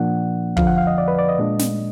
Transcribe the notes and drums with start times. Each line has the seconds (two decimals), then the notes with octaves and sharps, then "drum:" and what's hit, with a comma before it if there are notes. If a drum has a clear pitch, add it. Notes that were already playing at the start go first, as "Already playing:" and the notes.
Already playing: A#2 F3 A#3 D4 F#5
0.57 F2 D3 F3 F5, drum: kick
0.67 F#5
0.78 F5
0.87 D#5
0.98 D5
1.08 B4
1.19 D5
1.29 D#5
1.39 A#2 G#3 D4
1.59 drum: snare